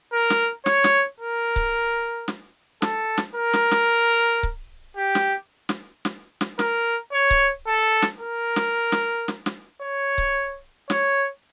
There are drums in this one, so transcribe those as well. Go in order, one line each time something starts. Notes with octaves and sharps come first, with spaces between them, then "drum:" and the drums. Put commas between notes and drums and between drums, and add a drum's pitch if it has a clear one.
A#4
drum: snare
C#5, drum: snare
drum: snare
A#4
drum: kick C#1
drum: snare
A4, drum: snare
drum: snare
A#4
drum: snare
drum: snare
drum: kick C#1
G4
drum: snare
drum: snare
drum: snare
drum: snare
A#4, drum: snare
C#5
drum: kick C#1
A4
drum: snare
A#4
drum: snare
drum: snare
drum: snare
drum: snare
C#5
drum: kick C#1
C#5, drum: snare